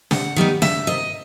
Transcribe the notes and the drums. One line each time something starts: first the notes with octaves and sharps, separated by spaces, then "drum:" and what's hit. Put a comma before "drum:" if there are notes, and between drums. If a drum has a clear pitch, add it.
C3 F#5, drum: snare
D#3 G3 B3 D#4
E2 E5, drum: snare
C3 D#3 D#5